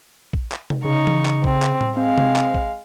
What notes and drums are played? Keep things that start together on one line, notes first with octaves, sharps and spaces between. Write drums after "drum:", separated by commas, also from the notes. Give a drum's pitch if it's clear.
drum: kick A#1
drum: clap
drum: tom C3
C#3 D#4 C#6
drum: tom E3
drum: clap
C4, drum: kick A#1
drum: clap
drum: tom A2
G#3 C4 F5
drum: tom C3
drum: clap
drum: kick A#1